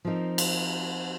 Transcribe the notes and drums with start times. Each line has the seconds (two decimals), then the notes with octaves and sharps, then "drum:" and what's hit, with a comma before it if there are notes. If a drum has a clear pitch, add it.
0.05 F3 C4 D#4 A#4
0.38 drum: cymbal